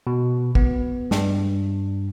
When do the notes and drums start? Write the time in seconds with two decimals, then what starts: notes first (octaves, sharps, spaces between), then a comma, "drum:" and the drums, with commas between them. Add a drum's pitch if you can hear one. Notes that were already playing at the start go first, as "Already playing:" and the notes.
0.07 B2
0.55 B3, drum: kick
1.11 G2, drum: snare